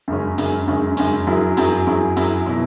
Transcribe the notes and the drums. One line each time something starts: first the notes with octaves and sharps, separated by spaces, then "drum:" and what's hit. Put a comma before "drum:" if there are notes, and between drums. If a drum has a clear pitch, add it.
F#2 C#3 G#3 C#4
F#2 C#3 G#3 C#4, drum: hi-hat
F#2 C#3 G#3 C#4
F#2 C#3 G#3 C#4, drum: hi-hat
F#2 F#3 E4 G#4
F#2 F#3 E4 G#4, drum: hi-hat
F#2 F#3 E4 G#4
F#2 F#3 E4 G#4, drum: hi-hat
B2 F#3 E4